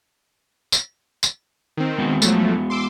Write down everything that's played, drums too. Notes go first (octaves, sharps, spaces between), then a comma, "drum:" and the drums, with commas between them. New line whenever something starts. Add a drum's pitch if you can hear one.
drum: tambourine
drum: tambourine
D#3 C4
G#3 B3 F#4
F3 F#3 A3, drum: tambourine
C6 D6 E6